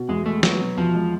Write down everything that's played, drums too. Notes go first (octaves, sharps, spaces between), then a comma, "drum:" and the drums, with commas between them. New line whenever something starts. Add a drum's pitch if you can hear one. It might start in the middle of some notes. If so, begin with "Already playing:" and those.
Already playing: B2
E2 G#3
G#3 A3
F#3 B3, drum: snare
B2
E2 F3
G#3